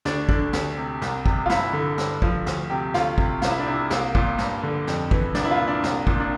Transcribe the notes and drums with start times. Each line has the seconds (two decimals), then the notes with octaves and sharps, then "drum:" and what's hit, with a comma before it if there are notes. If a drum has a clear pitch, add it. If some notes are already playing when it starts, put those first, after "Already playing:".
0.05 D2 D4, drum: snare
0.29 D3 D4, drum: kick
0.53 D2, drum: snare
0.77 C3
1.02 C2, drum: snare
1.26 C3, drum: kick
1.46 F4
1.50 G2 E4, drum: snare
1.73 D3
1.98 G2, drum: snare
2.22 F3, drum: kick
2.46 D2, drum: snare
2.70 C3 G4
2.94 D2 F4, drum: snare
3.18 C3, drum: kick
3.42 C2 F4, drum: snare
3.51 E4
3.59 D4
3.66 C3 E4
3.90 C2 A#3, drum: snare
4.15 A#2, drum: kick
4.38 G2, drum: snare
4.63 D3
4.87 F2, drum: snare
5.11 E3, drum: kick
5.35 C2 D4, drum: snare
5.45 E4
5.51 F4
5.59 A#2
5.68 D4
5.84 C2, drum: snare
6.07 A#2, drum: kick
6.20 D4